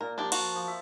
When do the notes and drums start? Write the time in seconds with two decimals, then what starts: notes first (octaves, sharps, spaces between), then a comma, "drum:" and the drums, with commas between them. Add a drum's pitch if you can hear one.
0.01 A#2 A#4
0.18 F3 D4 G4 A5
0.32 F#4, drum: cymbal
0.55 F3
0.68 E5